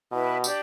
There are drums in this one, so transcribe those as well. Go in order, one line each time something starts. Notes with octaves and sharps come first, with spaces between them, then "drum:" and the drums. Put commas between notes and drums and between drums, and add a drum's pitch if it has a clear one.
B2 E4 B4 E5
D4 G4 D5, drum: tambourine